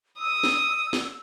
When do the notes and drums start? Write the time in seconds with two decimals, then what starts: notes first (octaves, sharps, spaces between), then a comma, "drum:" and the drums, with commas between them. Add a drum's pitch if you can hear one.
0.19 D#6 E6
0.44 drum: snare
0.93 drum: snare